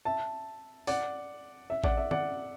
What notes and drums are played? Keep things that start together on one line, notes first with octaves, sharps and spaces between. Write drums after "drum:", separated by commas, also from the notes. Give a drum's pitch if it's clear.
E5 A5
D5 F#5, drum: open hi-hat
E5
D5 F#5, drum: kick A1
E5
D5 F#5, drum: tom D#3